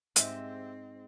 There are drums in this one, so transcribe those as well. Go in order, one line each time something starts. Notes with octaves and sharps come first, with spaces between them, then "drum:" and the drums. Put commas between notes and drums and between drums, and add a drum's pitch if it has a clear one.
G#2 G#3 C4 G4 D#5 E5, drum: hi-hat